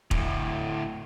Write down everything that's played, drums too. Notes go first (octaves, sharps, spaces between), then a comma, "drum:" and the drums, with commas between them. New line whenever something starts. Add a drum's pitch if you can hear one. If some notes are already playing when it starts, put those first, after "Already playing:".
D2 A2, drum: kick F1